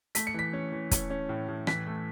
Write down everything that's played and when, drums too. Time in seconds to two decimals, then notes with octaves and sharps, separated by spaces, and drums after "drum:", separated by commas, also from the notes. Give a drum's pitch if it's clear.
0.15 A3 B6, drum: hi-hat
0.27 C#7
0.34 E3 B6
0.53 C#4
0.72 E3
0.91 C#4, drum: kick, hi-hat
1.10 C#4
1.29 A2
1.48 A2
1.67 E3 B6, drum: rim click
1.87 A3